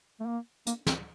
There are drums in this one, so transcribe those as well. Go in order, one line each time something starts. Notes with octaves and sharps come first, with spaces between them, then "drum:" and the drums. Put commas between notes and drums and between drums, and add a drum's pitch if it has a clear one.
A3
A#3
A#3, drum: hi-hat
C4, drum: snare